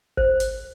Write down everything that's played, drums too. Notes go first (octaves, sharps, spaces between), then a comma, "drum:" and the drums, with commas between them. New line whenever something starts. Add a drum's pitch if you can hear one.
C5, drum: kick
drum: hi-hat